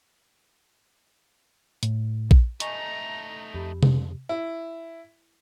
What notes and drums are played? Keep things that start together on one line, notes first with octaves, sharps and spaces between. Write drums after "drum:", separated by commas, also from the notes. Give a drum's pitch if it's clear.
A2, drum: hi-hat
drum: kick A#1
A3 D#4 D#5 G#5 A#5 C#6, drum: hi-hat
F2 G4 B5
drum: tom C3
E4